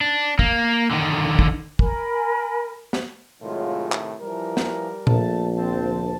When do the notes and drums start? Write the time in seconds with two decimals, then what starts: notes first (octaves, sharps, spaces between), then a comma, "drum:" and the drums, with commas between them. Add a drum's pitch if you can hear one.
0.01 D4
0.39 A#3, drum: kick
0.91 D3 D#3
1.39 drum: kick
1.79 A#4 G#5 B5, drum: kick
2.93 drum: snare
3.42 A2 C3 D#3 F#3 G#3 F4
3.92 drum: clap
4.19 E3 F3 G3 A#4
4.57 drum: snare
5.07 A#1 A3 A5, drum: tom A#2
5.56 D2 F3 C4 A5